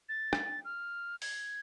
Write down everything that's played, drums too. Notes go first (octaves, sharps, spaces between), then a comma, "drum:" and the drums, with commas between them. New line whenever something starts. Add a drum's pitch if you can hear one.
A6
drum: rim click
F6
G#6, drum: open hi-hat